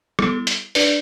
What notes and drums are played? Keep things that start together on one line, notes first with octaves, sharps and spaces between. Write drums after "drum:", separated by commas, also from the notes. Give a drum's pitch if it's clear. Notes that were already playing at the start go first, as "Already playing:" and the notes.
G3 B3 E4 A4, drum: rim click
drum: hi-hat
D4 B4 D5, drum: open hi-hat